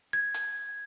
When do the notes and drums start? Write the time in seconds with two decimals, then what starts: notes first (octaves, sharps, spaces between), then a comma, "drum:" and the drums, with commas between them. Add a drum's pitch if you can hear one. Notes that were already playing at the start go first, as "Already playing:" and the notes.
0.13 G#6
0.34 drum: hi-hat